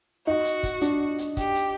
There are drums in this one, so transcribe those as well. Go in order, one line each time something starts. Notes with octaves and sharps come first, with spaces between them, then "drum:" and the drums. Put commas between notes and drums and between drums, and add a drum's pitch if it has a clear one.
D#4 F#4
drum: hi-hat
drum: kick, hi-hat
D4, drum: hi-hat
drum: hi-hat
G4, drum: kick, hi-hat
drum: hi-hat